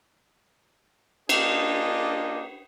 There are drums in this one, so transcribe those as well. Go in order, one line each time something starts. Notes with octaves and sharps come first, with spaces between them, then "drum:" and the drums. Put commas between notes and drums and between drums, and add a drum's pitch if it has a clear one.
A#3 D4 F4 G4 G#4 D#5, drum: cymbal